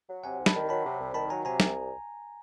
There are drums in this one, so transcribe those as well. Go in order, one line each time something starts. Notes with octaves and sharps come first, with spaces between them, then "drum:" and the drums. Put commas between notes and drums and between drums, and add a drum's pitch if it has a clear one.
F#3
C3 F#5 G#5
C2
A5 B5, drum: snare
D#3
F#3 A5 B5
C3
C2
D#3 A5 B5
F#3 G#5 A#5
C3 G#5 A#5
C2, drum: snare